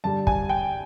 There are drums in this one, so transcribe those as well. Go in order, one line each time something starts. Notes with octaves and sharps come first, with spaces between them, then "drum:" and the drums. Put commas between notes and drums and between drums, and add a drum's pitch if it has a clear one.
G2 D3 G3 A5
G#5, drum: kick
G5